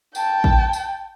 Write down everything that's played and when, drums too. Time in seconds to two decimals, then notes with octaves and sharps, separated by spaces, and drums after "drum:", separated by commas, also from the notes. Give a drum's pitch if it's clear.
0.15 G5 A5, drum: tambourine
0.44 drum: kick A1
0.73 drum: tambourine